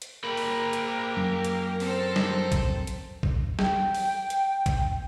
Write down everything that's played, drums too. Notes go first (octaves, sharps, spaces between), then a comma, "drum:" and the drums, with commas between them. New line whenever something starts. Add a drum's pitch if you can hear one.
drum: hi-hat
A#3 G4 A#4 B5
drum: open hi-hat
drum: hi-hat
F#2
drum: hi-hat
C4 A4 C5, drum: open hi-hat
drum: snare
drum: kick, hi-hat
drum: hi-hat
drum: kick
G5, drum: snare
drum: open hi-hat
drum: hi-hat
drum: kick, hi-hat